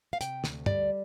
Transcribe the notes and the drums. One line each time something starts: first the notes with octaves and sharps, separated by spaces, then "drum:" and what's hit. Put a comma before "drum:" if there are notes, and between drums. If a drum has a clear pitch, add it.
F5
C3 G5, drum: hi-hat
D2, drum: snare
G3 D5, drum: tom